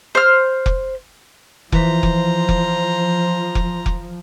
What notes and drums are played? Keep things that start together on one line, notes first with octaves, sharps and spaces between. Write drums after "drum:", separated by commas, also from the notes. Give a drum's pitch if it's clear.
C5 F6
drum: kick F1
E3 F3 C5 A#5 B6, drum: kick F1
drum: kick F1
drum: kick F1
drum: kick F1
drum: kick F1